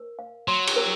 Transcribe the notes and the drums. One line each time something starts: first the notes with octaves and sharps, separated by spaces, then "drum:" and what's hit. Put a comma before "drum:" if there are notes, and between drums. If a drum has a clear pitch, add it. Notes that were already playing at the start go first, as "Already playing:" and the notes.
Already playing: A#4
F5
F#3 C6
drum: cymbal
A#4